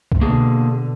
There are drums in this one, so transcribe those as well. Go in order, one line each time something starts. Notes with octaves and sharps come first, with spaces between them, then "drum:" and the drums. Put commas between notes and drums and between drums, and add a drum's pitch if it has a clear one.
drum: kick C2
B2 D3 A#3 G#4